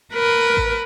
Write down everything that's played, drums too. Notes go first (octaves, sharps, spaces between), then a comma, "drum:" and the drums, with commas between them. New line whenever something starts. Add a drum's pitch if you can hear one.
A#4 B4
drum: kick A1